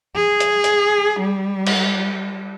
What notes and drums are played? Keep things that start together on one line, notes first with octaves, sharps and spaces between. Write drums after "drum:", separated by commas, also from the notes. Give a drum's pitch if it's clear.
G#4
drum: hi-hat
drum: hi-hat
G3
drum: cymbal